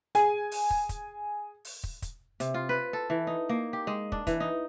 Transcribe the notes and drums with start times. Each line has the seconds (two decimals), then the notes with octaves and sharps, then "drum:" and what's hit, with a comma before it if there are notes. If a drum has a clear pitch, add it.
0.15 G#4 G#5, drum: hi-hat
0.52 drum: open hi-hat
0.70 drum: kick
0.89 drum: kick, hi-hat
1.65 drum: open hi-hat
1.84 drum: kick
2.02 drum: kick, hi-hat
2.40 C3, drum: hi-hat
2.54 F4
2.69 B4
2.93 A4
3.10 E3
3.27 D#4
3.49 A#3
3.73 G4
3.87 G#3
4.12 D4, drum: kick
4.27 E3, drum: kick, hi-hat
4.40 D#4